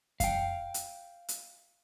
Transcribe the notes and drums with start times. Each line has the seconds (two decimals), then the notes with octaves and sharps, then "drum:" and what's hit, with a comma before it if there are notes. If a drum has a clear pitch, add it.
0.20 F5 G5, drum: kick F#2, hi-hat
0.74 drum: hi-hat
1.28 drum: hi-hat